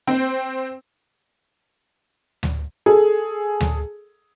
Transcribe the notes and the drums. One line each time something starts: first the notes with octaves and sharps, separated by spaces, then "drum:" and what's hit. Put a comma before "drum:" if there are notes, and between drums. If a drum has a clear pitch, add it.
C4 C5
drum: tom D2
G#4 A4
drum: tom D2